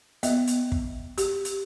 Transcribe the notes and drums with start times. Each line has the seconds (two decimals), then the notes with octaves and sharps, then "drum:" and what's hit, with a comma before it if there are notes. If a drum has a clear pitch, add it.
0.23 B3 D#5 E5, drum: hi-hat
0.47 drum: hi-hat
0.72 drum: kick
1.18 G4, drum: hi-hat
1.45 drum: hi-hat